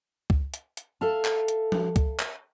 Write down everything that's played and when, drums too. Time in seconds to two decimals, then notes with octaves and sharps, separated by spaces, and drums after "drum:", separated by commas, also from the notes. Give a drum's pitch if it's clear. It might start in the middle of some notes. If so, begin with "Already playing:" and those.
0.30 drum: kick C#2
0.54 drum: hi-hat
0.77 drum: hi-hat
1.01 A4 E5 F5 A5
1.25 drum: clap
1.48 drum: hi-hat
1.72 drum: tom F3
1.96 drum: kick C#2, hi-hat
2.19 drum: clap